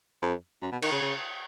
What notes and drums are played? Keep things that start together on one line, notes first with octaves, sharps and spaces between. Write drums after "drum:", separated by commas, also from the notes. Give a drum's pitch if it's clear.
F2
F#2
B2
D#3, drum: cymbal
C#3
C#3